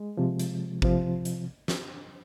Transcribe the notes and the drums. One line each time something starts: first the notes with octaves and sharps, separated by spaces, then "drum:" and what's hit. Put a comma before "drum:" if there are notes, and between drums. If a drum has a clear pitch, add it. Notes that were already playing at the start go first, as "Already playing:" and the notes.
Already playing: G#3
C3 F3
drum: hi-hat
C3 F3, drum: kick A1
drum: hi-hat
drum: snare